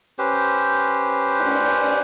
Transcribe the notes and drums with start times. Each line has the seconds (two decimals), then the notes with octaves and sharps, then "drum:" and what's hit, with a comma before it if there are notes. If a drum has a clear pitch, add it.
0.19 C#4 G4 B4 C5
1.40 drum: cymbal